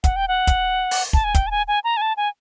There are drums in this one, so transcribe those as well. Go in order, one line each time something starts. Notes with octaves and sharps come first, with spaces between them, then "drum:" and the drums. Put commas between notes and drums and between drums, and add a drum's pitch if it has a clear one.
F#5, drum: kick, hi-hat
G5
F#5
drum: kick, hi-hat
drum: open hi-hat
A5, drum: kick
G#5
G5, drum: kick, hi-hat
A5
G#5
G#5
A#5
G#5
A5
G#5